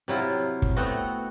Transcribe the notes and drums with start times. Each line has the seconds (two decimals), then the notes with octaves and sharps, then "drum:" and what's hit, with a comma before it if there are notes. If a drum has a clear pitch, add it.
0.08 C3 F#3 E4 F4
0.62 drum: kick
0.77 A3 B3 C4 F#4